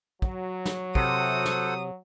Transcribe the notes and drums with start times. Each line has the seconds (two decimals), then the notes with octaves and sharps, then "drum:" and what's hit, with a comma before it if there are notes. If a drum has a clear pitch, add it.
0.22 F#3, drum: kick
0.65 drum: snare
0.95 C3 A4 C5 F#5 D#6, drum: kick
1.45 drum: snare